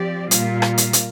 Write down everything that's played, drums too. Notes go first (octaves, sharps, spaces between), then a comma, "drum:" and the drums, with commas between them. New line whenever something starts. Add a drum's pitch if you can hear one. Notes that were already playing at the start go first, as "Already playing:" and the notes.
Already playing: F3 C4 G4 D5
A#2 G3 A#3 F4, drum: hi-hat
drum: rim click
drum: hi-hat
drum: hi-hat